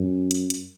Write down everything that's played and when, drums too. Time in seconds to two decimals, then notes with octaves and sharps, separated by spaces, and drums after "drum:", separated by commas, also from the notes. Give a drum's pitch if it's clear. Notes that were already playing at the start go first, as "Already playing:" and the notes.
Already playing: F#2
0.31 drum: hi-hat
0.50 drum: hi-hat